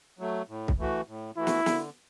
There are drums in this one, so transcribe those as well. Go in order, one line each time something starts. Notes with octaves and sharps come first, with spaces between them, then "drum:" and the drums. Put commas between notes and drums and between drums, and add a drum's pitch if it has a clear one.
F#3 A3
A2
drum: kick C2
E3 A3 F#4
A2
E3 A3 E4 F#4
drum: snare
D3, drum: snare